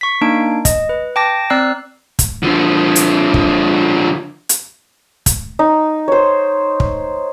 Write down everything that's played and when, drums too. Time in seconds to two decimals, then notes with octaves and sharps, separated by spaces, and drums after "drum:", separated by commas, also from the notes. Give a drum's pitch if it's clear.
0.01 C#6 B6
0.21 A#3 D4 D#4 D7
0.65 D#5, drum: kick, hi-hat
0.89 B4
1.16 G5 A5 D6 A#6
1.50 C4 D5 A#5 E6 F#6 C7
2.19 drum: kick, hi-hat
2.43 D3 F3
2.96 drum: hi-hat
3.34 drum: kick
4.49 drum: hi-hat
5.26 drum: kick, hi-hat
5.59 D#4
6.08 C5 C#5
6.80 drum: kick